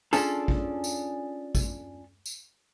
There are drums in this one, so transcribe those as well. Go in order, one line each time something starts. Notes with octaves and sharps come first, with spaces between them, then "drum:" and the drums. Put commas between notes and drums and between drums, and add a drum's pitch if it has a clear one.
C#4 D4 F4 G#4 A4, drum: tambourine
drum: kick
drum: tambourine
drum: kick, tambourine
drum: tambourine